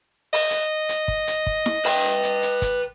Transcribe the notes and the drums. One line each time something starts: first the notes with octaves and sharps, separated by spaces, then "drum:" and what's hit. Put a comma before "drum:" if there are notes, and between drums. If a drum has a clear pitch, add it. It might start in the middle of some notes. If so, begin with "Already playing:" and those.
D#5, drum: open hi-hat
drum: hi-hat
drum: hi-hat
drum: kick
drum: hi-hat
drum: kick
drum: snare E4
B4 G5, drum: open hi-hat
drum: hi-hat
drum: hi-hat
drum: hi-hat
drum: kick, hi-hat